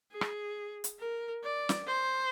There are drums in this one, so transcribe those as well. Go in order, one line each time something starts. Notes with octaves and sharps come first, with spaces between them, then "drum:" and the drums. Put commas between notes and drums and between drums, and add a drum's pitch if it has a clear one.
G#4
drum: rim click
drum: hi-hat
A#4
D5
drum: snare
C5